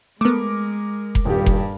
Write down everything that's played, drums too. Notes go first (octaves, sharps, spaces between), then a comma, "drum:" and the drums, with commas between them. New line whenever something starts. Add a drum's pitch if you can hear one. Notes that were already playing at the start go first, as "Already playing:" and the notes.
G#3 A3 B3 A#4 D6
drum: kick F1
D#1 G2 G4
drum: kick F1